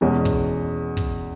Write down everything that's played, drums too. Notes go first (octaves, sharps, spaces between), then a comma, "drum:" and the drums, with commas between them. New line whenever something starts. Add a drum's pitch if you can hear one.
E2 B2 G#3 C#4
drum: kick
drum: kick